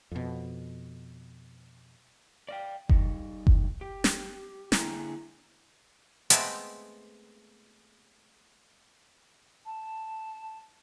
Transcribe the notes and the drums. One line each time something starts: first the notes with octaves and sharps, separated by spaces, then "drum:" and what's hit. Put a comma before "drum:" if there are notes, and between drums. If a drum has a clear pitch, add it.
F2 B2
D5 F5 G5
G3 D#4, drum: kick F#1
drum: kick F#1
G4
drum: snare
D3 A#3 E4 G#4 G5 A#5, drum: snare
G#3 A3 B3 C4, drum: hi-hat
A5